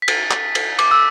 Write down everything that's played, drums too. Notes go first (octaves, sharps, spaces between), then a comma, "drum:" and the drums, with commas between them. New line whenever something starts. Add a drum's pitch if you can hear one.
B6
A6, drum: cymbal
drum: clap
drum: cymbal
D6, drum: cymbal
E6